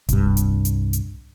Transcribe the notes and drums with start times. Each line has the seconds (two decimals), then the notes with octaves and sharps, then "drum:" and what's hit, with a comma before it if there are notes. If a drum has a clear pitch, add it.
0.09 C2 G2, drum: kick D#1, hi-hat
0.37 drum: hi-hat
0.65 drum: hi-hat
0.93 drum: hi-hat